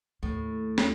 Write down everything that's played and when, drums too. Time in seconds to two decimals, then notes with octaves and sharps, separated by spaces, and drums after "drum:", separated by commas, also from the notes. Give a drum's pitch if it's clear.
0.23 D#2 A2
0.78 drum: snare